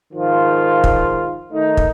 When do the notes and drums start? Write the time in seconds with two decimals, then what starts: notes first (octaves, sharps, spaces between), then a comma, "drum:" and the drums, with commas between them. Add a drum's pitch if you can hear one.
0.13 G#2 D#3 F3 F4
0.84 drum: kick
1.52 D#3 A3 D#4
1.77 drum: kick